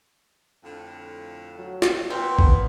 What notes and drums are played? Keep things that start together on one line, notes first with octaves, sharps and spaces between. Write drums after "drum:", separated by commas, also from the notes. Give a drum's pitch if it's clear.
F2 A2 D3
F#3
drum: snare
A#2 B3 C4
drum: kick